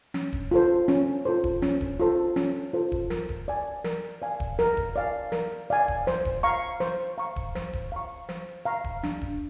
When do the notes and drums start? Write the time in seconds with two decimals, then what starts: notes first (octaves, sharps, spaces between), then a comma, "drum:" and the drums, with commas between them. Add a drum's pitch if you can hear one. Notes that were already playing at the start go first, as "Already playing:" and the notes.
0.14 C#4, drum: snare
0.33 drum: kick D#1
0.51 F4 A4 C5
0.88 C#4, drum: snare
1.25 F4 A4 C5
1.44 drum: kick D#1
1.62 C#4, drum: snare
1.81 drum: kick D#1
2.00 F4 A4 C5
2.36 C#4, drum: snare
2.73 F4 A4 C5
2.92 drum: kick D#1
3.10 A#4, drum: snare
3.29 drum: kick D#1
3.48 D5 F5 G#5
3.84 A#4, drum: snare
4.22 D5 F5 G#5
4.40 drum: kick D#1
4.59 A#4, drum: snare
4.77 drum: kick D#1
4.96 D5 F5 G#5
5.32 A#4, drum: snare
5.70 D5 F5 G#5
5.88 drum: kick D#1
6.07 C5, drum: snare
6.25 drum: kick D#1
6.43 F5 A#5 C#6
6.80 C5, drum: snare
7.18 F5 A#5 C#6
7.36 drum: kick D#1
7.55 C5, drum: snare
7.73 drum: kick D#1
7.92 F5 A#5 C#6
8.29 C5, drum: snare
8.65 F5 A#5 C#6
8.84 drum: kick D#1
9.03 D4, drum: snare
9.21 drum: kick D#1